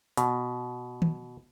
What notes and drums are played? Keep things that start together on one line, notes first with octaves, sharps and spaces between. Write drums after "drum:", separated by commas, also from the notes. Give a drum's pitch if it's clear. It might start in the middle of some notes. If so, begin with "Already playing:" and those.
B2, drum: hi-hat
drum: tom D#3